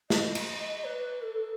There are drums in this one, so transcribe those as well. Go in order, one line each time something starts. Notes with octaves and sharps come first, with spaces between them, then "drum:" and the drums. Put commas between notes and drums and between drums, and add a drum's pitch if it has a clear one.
D#5, drum: snare
drum: cymbal
B4
A4